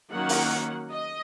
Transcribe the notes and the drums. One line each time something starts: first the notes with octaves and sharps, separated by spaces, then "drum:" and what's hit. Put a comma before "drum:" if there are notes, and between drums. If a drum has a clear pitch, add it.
D#3 F#3 A#3 C#4 F#5
drum: open hi-hat
D#5